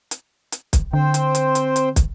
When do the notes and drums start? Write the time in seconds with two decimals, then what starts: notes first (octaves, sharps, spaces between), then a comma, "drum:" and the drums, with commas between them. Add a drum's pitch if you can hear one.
0.11 drum: hi-hat
0.52 drum: hi-hat
0.73 drum: kick, hi-hat
0.93 D3 C4 C5 G5
1.14 drum: hi-hat
1.35 drum: hi-hat
1.55 drum: hi-hat
1.76 drum: hi-hat
1.96 drum: kick, hi-hat